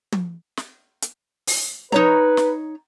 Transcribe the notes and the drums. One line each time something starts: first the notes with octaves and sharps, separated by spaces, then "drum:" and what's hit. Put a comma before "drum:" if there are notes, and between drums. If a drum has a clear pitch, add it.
drum: tom
drum: snare
drum: hi-hat
drum: open hi-hat
D#4 B4 C#5 A#5, drum: tom
drum: snare